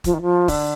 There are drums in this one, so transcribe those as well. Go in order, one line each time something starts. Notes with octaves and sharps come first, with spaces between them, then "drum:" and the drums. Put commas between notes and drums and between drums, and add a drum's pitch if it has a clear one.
F3, drum: kick, hi-hat
D#3
F3
D3, drum: kick, open hi-hat